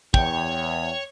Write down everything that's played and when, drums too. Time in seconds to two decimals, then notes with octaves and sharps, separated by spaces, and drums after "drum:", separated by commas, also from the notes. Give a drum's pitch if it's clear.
0.14 E2 C#5 G5, drum: kick